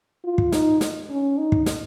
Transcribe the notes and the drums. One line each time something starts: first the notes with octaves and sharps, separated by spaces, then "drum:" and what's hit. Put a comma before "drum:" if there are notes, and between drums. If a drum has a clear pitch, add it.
F4
drum: kick
D#4, drum: snare
drum: snare
C#4
D#4
drum: kick
drum: snare